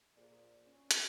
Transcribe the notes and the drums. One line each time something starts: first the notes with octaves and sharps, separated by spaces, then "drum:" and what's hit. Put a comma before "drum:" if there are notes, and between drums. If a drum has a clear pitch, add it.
A#2 G#4 C5 D5
C#4
drum: hi-hat